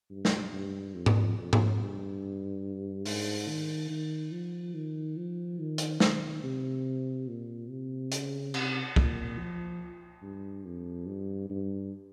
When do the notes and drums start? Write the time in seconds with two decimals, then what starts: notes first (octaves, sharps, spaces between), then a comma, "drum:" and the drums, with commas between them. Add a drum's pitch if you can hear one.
0.11 G2
0.25 drum: snare
0.53 G2
0.95 F2
1.06 drum: tom G#2
1.37 F2
1.53 drum: tom G#2
1.80 G2
3.05 G#2, drum: open hi-hat
3.48 D#3
3.90 D#3
4.32 F3
4.74 D#3
5.17 F3
5.59 D#3
5.78 drum: hi-hat
6.00 D#3, drum: snare
6.43 C3
7.28 A#2
7.70 C3
8.12 C#3, drum: hi-hat
8.54 C3, drum: cymbal
8.96 A#2, drum: kick
9.39 F3
10.22 G2
10.65 F2
11.07 G2
11.50 G2